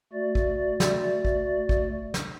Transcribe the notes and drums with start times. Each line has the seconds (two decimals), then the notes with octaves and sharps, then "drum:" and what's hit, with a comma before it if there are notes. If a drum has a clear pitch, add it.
0.13 A3 F#4 D5
0.35 drum: kick
0.80 drum: snare
1.25 drum: kick
1.69 drum: kick
2.14 drum: snare